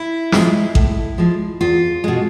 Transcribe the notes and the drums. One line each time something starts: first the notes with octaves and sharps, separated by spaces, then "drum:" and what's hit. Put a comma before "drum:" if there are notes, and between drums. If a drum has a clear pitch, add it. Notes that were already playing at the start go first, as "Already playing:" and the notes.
Already playing: E4
F3 G#3, drum: snare
A2, drum: kick A1
F3 G#3
E2 F4
B2 G#3